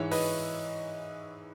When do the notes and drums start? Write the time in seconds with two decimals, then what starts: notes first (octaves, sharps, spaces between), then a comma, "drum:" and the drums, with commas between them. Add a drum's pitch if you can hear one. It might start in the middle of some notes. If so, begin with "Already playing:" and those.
Already playing: G#2 E3 C#5 E5
0.11 B4 D#5, drum: open hi-hat